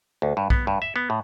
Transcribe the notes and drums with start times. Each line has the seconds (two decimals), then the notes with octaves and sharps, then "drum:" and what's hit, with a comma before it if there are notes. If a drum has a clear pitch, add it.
0.22 D2
0.37 G2
0.50 B3, drum: kick
0.67 G2
0.82 E5
0.96 B3
1.10 A2